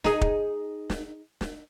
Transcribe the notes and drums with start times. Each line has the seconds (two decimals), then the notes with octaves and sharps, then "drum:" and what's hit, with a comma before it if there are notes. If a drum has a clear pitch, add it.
0.04 D#4 G#4, drum: snare
0.21 drum: kick
0.90 drum: snare
1.41 drum: snare